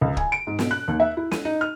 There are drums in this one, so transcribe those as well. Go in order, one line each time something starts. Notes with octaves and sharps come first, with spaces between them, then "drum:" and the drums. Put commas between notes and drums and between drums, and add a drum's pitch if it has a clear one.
C#2
G#5, drum: kick
D7
G#2
B2, drum: snare
F#6
D#2
E5
E4
D#7, drum: snare
D#4
F6